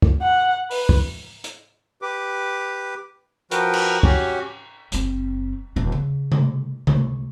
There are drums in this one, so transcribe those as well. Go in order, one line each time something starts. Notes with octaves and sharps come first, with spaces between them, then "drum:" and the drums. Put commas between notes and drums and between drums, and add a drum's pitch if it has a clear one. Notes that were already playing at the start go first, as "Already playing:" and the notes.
drum: kick
F#5
B4, drum: open hi-hat
drum: kick
drum: hi-hat
G4 B4 D6
F3 F#4 A#4 B4 G5, drum: hi-hat
drum: cymbal
C#4 F#4 G4, drum: kick
F#1 C4, drum: hi-hat
D#1 D4
C#3
drum: tom C3
D2, drum: tom C3